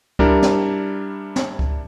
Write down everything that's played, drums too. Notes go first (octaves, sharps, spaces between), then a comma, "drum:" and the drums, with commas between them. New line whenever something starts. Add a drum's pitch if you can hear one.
G3 D4 E4 G4 A#4, drum: kick C#2
drum: snare
drum: snare
drum: kick C#2